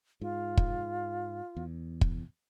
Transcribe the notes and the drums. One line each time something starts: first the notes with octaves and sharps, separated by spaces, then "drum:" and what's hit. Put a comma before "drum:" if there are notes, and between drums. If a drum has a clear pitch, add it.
G#2 F4
drum: kick
E2
drum: kick